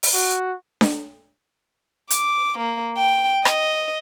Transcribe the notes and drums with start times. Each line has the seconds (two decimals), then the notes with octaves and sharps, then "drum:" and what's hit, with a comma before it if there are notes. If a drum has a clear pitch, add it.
0.03 drum: open hi-hat
0.14 F#4
0.81 drum: snare D4
2.10 D6, drum: hi-hat
2.58 A#3
2.97 G5
3.45 D#5, drum: rim click